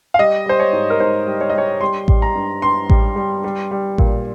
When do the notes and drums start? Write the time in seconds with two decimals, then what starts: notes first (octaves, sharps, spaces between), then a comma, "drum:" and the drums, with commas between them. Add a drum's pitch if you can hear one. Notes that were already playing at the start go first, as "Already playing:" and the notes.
0.14 F5
0.19 G3 D#5
0.46 G3 C5
0.59 C#5
0.73 G#2
0.90 A#4
1.00 G#2 C5
1.27 G3
1.41 C#5
1.50 D#5
1.54 G3 C#5
1.81 G3 C6
2.08 G3, drum: kick A1
2.22 A#5
2.35 G2
2.62 G2 C6
2.90 G3, drum: kick A1
3.16 G3
3.44 G3
3.71 G3
3.98 A#2, drum: kick A1